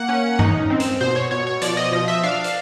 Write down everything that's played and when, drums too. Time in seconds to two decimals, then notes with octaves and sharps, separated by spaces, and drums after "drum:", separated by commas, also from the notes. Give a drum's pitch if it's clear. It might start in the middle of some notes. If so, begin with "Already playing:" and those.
Already playing: A#3 F#5
0.09 C#4
0.39 D#4, drum: tom G2
0.70 C4
0.80 drum: hi-hat
1.01 B2 C5
1.16 C#5
1.31 B2 C#5
1.47 C#5
1.62 F3 D5, drum: hi-hat
1.77 D#5
1.92 F3 D#5
2.08 E5
2.23 D4 F5
2.44 drum: hi-hat